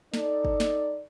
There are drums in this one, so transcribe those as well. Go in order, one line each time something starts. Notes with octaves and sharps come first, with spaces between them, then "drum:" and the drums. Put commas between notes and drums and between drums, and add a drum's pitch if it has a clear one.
D#4 A4 D5, drum: snare
drum: kick
drum: snare